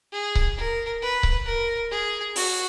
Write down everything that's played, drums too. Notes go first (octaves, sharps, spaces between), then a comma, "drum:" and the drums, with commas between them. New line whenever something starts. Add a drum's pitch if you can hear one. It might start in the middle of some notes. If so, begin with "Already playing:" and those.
G#4
drum: kick C#1
A#4
B4
drum: kick C#1
A#4
G#4
F#4, drum: open hi-hat